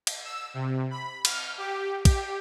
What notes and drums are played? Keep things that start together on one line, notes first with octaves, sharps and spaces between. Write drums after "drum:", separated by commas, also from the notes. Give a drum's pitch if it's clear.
drum: cymbal
E6
C3
B5
F6, drum: cymbal
G4
G4, drum: kick, cymbal